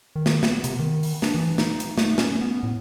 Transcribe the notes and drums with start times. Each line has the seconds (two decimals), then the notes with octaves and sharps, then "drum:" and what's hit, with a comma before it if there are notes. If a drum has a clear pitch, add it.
0.16 D#3
0.26 drum: snare
0.43 B3, drum: snare
0.64 C3, drum: hi-hat
0.79 D#3
1.03 drum: open hi-hat
1.22 D4, drum: snare
1.35 E3
1.58 D#4, drum: snare
1.80 drum: hi-hat
1.98 A3, drum: snare
2.18 C#4, drum: snare
2.41 B3
2.63 A2